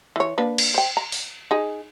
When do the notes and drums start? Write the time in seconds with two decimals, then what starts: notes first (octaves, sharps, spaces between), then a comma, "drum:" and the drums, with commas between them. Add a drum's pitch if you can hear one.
0.16 E3 C#5
0.38 A#3 D4 B4
0.58 drum: cymbal
0.74 C5 G5
0.97 A#5
1.12 drum: open hi-hat
1.51 D#4 G#4